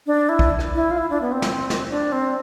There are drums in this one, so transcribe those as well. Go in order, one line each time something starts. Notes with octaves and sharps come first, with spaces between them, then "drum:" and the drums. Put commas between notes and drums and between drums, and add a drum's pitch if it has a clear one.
D4
E4
drum: kick A#1
drum: rim click
E4
F4
E4
D4
B3
C4
drum: snare
drum: snare
D4
C4